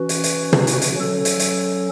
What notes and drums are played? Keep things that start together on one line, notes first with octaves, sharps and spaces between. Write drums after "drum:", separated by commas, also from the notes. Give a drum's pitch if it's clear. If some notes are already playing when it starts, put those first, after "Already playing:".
Already playing: E3 C#4 F#4 B4
drum: hi-hat
drum: hi-hat
drum: tom
drum: hi-hat
drum: hi-hat
F#3 C#4 A4
drum: hi-hat
drum: hi-hat